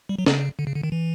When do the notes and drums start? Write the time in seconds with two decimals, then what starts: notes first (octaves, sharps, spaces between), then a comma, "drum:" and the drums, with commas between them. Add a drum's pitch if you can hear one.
0.09 G3
0.19 F#3
0.26 C#3, drum: snare
0.59 D3
0.67 C#3
0.75 D3
0.84 D#3
0.92 E3